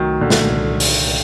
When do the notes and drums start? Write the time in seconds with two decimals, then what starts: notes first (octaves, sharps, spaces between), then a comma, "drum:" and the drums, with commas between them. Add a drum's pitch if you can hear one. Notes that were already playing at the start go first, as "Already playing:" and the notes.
Already playing: C2 D#3 F#3 A3
0.21 A#2 D3
0.30 drum: snare
0.51 C2
0.80 C2, drum: open hi-hat